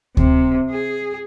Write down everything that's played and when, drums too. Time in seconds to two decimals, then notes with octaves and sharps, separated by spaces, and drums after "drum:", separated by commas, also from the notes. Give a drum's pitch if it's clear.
0.17 C3, drum: kick D2
0.70 G#4